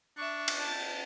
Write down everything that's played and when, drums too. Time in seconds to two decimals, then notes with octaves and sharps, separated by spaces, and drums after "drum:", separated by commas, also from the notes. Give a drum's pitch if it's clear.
0.17 D4 E5 C#6
0.48 drum: cymbal
0.60 A5 A6